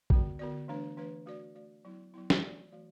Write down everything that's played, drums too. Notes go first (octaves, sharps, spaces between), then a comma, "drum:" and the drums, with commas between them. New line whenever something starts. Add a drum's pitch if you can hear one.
D3 B3 F#4 D5, drum: kick A#1
D3 B3 F#4 D5
E3 A3 D4 B4
E3 A3 D4 B4
A3 F#4 D5
A3 F#4 D5
F#3 B3 E4
F#3 B3 E4
drum: snare
E3 A3 F#4 D5
E3 A3 F#4 D5